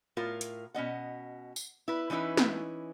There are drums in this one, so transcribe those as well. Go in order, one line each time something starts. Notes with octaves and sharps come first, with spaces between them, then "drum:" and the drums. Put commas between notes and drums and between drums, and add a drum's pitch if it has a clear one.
A2 F4 A#4
drum: hi-hat
B2 C#4 D#5 F#5
drum: tambourine
E4 B4
E3 C#4 D#4 E4 B4
drum: snare